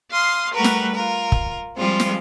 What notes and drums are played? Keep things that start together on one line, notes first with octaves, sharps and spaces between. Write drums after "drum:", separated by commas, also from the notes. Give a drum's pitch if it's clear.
F5 C6 D#6
G3 A3 F#4 A#4 B4
drum: snare
F4 A#4
drum: kick
F3 G3 G#3 C4 F4
drum: snare